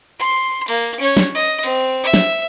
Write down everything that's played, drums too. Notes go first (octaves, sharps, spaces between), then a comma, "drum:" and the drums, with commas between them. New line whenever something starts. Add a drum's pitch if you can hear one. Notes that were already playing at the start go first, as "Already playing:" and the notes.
C6
A#3, drum: cymbal
C#4 C#5
drum: snare
D#5
C4, drum: cymbal
E5
drum: snare